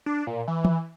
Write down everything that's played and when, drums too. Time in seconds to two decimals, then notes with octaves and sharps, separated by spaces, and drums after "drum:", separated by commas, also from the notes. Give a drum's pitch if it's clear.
0.06 D4
0.27 A#2
0.48 E3
0.65 drum: tom E3